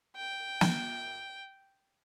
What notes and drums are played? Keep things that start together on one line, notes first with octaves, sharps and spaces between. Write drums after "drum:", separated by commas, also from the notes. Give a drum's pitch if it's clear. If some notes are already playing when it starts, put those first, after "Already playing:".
G5
drum: snare